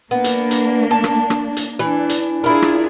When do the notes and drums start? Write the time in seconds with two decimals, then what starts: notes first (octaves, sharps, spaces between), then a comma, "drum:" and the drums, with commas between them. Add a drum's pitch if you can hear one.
0.11 A#3 B3 D4
0.24 drum: hi-hat
0.51 drum: hi-hat
0.91 A5
1.04 drum: rim click
1.30 drum: rim click
1.57 drum: hi-hat
1.79 E3 D4
2.10 drum: hi-hat
2.44 D4 E4 F4 G#4 A#4
2.62 drum: rim click